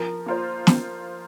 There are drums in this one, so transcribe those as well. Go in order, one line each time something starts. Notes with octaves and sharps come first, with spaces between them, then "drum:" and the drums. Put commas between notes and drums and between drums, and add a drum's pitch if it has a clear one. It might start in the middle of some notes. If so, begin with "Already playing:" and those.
Already playing: F3 A#4 A#5
A#3 F4 C5
drum: snare